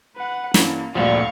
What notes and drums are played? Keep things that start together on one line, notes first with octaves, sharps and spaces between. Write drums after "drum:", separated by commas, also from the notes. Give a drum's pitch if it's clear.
B4 F#5
G2 E3 A#3 C#4, drum: snare
D2 G2 A#2 D3 F3 F5 C#6